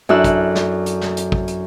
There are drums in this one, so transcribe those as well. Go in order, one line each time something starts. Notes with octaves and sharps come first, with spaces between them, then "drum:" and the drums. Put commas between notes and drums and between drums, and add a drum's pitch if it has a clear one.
F#2 D4 E4 A4 E6 F#6
drum: kick, hi-hat
drum: snare
drum: hi-hat
drum: snare
drum: hi-hat
drum: kick
drum: hi-hat